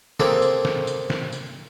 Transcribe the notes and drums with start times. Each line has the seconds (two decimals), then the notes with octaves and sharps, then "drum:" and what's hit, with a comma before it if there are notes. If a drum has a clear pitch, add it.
0.20 A#3 C4 G#4 A4, drum: snare
0.42 drum: tambourine
0.65 drum: snare
0.87 drum: tambourine
1.10 drum: snare
1.32 drum: tambourine